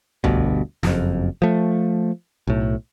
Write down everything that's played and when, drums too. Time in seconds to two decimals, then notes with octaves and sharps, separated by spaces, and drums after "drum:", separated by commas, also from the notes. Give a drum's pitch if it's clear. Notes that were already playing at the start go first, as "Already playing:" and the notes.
0.24 G1 D2 G2 B2, drum: tom C2
0.83 F#1 F2, drum: snare
1.42 F3 A3
2.47 B1 A2